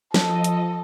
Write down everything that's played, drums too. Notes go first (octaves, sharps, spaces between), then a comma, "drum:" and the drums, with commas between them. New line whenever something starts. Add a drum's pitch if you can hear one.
F3 A4 D#5, drum: snare
drum: hi-hat